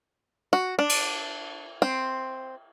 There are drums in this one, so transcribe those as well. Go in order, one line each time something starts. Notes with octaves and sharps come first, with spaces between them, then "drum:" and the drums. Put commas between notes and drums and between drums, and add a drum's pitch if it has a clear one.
F#4
D4
drum: cymbal
C4